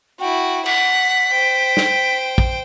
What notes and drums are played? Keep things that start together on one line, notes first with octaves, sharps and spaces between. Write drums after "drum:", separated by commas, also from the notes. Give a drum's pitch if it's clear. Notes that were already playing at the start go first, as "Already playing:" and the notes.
E4 F#4 G5
F#5 B6, drum: cymbal
C5 G5
drum: snare
drum: kick